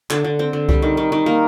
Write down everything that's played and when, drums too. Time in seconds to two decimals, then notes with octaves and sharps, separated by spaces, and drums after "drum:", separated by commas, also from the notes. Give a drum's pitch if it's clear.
0.10 D3, drum: clap
0.24 D3
0.39 C4
0.53 D3
0.69 G3, drum: kick C2
0.82 D#3
0.97 D#3
1.12 D#3
1.26 A#3